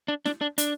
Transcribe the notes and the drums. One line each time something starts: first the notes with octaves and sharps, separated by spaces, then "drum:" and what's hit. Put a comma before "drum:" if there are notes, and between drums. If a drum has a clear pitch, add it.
D4
D4, drum: snare
D4
D4, drum: hi-hat